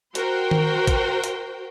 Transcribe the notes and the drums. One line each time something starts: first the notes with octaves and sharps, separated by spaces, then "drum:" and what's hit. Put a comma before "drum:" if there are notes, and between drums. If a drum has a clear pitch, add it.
F#4 A#4 C5 G5, drum: hi-hat
drum: tom D#3
drum: kick, hi-hat
drum: hi-hat